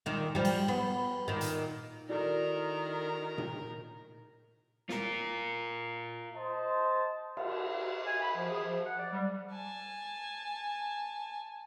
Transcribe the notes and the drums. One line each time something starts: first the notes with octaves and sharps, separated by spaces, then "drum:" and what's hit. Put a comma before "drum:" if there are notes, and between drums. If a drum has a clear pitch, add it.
A#2 D#3
F3 G3
drum: cymbal
B3
A#2 D#3
drum: hi-hat
D#3 E4 F#4 A4 A#4 D5
drum: tom A#2
F4 A#4, drum: snare
C5 D#5 A5
drum: cymbal
G#5
B5
F3
G#4
F3
F#5
D5
G3
G#5 A5